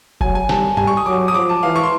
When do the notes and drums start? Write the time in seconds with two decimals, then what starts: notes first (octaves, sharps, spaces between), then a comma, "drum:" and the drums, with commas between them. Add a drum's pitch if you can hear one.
0.21 F#3 G#5, drum: kick F1
0.35 G#5
0.49 G3 A5, drum: snare
0.77 G3 G#5, drum: tom G2
0.87 C#6
0.97 D#6
1.06 F#3 D6
1.28 D#6
1.34 F3 D6
1.49 A5
1.63 E3 F5
1.76 C#6
1.83 C6